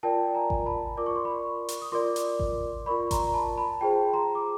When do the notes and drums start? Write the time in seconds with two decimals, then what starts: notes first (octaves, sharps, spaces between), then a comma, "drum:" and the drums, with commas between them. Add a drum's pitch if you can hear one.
0.03 F4 A#4 D5 G5 A5
0.35 G#5 A#5
0.50 drum: kick G#1
0.66 A5 B5
0.97 F4 A#4 D5 D6
1.06 C#6
1.16 C6
1.25 B5 C#6
1.68 drum: hi-hat
1.82 D#6
1.92 F4 A#4 D5 C6 D6
2.16 drum: hi-hat
2.40 drum: kick G#1
2.86 F4 A#4 D5 B5 C#6
3.11 A#5 C6, drum: kick G#1, hi-hat
3.27 A#5
3.34 A5 B5
3.58 A5 B5
3.81 F4 G#4 C5 G5 A5
4.13 A#5 C6
4.35 D6